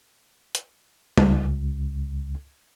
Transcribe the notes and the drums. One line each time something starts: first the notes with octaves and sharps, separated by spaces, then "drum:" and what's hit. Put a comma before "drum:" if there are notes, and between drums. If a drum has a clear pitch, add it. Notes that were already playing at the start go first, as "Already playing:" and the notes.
drum: hi-hat
C#2, drum: tom G3